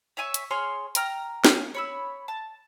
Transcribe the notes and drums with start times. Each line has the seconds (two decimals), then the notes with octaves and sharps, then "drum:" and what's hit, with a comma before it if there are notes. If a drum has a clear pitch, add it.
0.17 C#5 E5 G#5 C#6
0.34 drum: hi-hat
0.51 G#4 C#5 C6 F6
0.95 G5 A#5 F6, drum: hi-hat
1.45 C#4 F5, drum: snare
1.75 C#5 B5 E6
2.28 A5